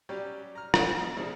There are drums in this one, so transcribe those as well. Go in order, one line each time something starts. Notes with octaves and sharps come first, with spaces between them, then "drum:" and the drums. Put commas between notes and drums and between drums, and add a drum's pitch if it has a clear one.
F#3 G3 C#4 G4
A#5 F6
B4 C5 D#5 G5 A5, drum: rim click
B2
E3 F3 G3 G#3 C#4 E4